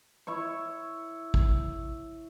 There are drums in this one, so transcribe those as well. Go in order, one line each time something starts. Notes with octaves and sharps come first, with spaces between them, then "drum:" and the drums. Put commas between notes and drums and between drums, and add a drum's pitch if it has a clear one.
E4 C#5 C#6
drum: kick A1